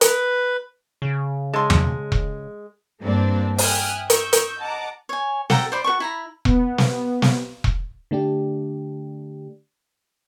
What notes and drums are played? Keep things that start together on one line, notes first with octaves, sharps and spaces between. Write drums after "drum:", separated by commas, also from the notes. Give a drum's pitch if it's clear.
B4, drum: hi-hat
C#3
G#3 A4 C6
drum: tom E2
drum: kick E1
G2 A#3 C4 D4
E5 G5 G#5 D#6 F6 F#6, drum: open hi-hat
C#6 E6 G6, drum: hi-hat
drum: hi-hat
D#5 F#5 A5 A#5 D6
C#5 G#5
A4 F#5 G5 A#5, drum: snare
C5 D5 B5
F#4 B4 A5 C#6
E4 A#5 B5
B3, drum: kick E1
drum: snare
drum: snare
drum: kick E1
D3 A3 D4 G4